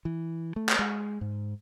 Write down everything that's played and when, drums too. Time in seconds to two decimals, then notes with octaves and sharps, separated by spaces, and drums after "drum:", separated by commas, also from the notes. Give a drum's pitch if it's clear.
0.05 E3
0.56 A3
0.69 drum: clap
0.79 G#3
1.21 G#2